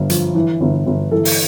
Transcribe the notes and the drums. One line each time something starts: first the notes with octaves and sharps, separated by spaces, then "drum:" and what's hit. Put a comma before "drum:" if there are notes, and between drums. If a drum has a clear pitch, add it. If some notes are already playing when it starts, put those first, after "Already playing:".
Already playing: G1 G2
F3, drum: hi-hat
E3
G1
G1
E3 A4
drum: open hi-hat